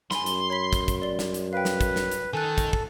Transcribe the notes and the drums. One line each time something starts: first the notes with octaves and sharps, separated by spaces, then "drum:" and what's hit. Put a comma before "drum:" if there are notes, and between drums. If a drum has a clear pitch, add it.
F#2 G#5 B5 C6, drum: snare
drum: hi-hat
C#5 B5 B6
drum: kick, hi-hat
drum: kick, hi-hat
D5 G7
drum: snare
drum: hi-hat
B4 F5 G5
drum: snare
drum: kick, hi-hat
drum: snare
drum: hi-hat
D#3 A4 G#5 F#6
drum: kick, hi-hat
drum: kick